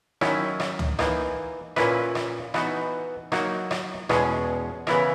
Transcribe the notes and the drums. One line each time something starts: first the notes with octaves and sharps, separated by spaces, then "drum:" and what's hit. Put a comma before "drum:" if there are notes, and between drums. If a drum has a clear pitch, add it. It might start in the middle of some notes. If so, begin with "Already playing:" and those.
D#3 F#3 C#4 E4, drum: rim click
drum: rim click
drum: tom
E3 A#3 D#4, drum: rim click
A#2 A#3 C#4 E4 B4, drum: rim click
drum: rim click
E3 B3 D#4 F#4, drum: rim click
F#3 A#3 D#4 F#4 A#4, drum: rim click
drum: rim click
E2 B2 G#3 C#4 G#4, drum: rim click
C#3 E3 B3 E4 A#4, drum: rim click